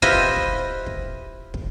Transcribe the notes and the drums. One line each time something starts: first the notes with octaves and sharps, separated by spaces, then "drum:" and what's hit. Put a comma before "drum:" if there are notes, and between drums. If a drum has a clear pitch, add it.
E4 F4 G4 B4 C5 D#5, drum: kick
drum: kick
drum: kick
drum: kick